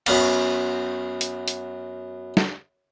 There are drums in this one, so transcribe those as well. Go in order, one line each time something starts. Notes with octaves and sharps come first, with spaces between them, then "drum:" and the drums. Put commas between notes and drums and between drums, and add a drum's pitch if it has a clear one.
F#2 B3 F5, drum: cymbal
drum: hi-hat
drum: hi-hat
drum: snare